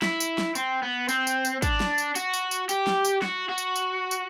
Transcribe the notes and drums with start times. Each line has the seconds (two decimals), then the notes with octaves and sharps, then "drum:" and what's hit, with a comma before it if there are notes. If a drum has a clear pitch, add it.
0.02 E4, drum: snare
0.20 drum: tambourine
0.38 drum: snare
0.55 C4, drum: tambourine
0.82 B3
1.09 C4, drum: tambourine
1.27 drum: tambourine
1.45 drum: tambourine
1.62 D4, drum: kick, tambourine
1.80 drum: snare
1.98 drum: tambourine
2.15 F#4, drum: tambourine
2.33 drum: tambourine
2.51 drum: tambourine
2.69 G4, drum: tambourine
2.87 drum: snare
3.05 drum: tambourine
3.22 F#4, drum: snare
3.49 F#4
3.58 drum: tambourine
3.76 drum: tambourine
4.11 drum: tambourine